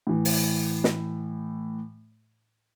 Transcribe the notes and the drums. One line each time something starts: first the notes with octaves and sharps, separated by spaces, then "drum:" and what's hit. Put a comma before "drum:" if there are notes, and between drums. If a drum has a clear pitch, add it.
A2 E3
drum: open hi-hat
drum: snare